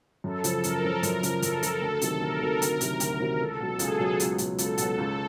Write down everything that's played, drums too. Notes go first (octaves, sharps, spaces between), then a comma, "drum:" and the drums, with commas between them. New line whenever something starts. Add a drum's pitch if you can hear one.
F#2 A4
C#3 F3, drum: hi-hat
F#2 A#4, drum: hi-hat
C#3 F3
F#2, drum: hi-hat
C#3 F3, drum: hi-hat
F#2 A4, drum: hi-hat
C#3 F3, drum: hi-hat
D2
C3 D#3 F#3, drum: hi-hat
D2 A#4
C3 D#3 F#3
D2, drum: hi-hat
C3 D#3 F#3, drum: hi-hat
D2, drum: hi-hat
C3 D#3 F#3
C#2 A4
B2 F#3
C#2 G#4, drum: hi-hat
B2 F#3
C#2, drum: hi-hat
B2 F#3, drum: hi-hat
C#2 A4, drum: hi-hat
B2 F#3, drum: hi-hat
C#2